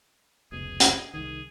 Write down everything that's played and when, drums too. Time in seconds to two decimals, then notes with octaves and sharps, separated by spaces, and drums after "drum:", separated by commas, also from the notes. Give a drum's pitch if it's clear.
0.52 F1 C#2 B2 G#4
0.80 drum: hi-hat
1.14 C2 D#3 G#4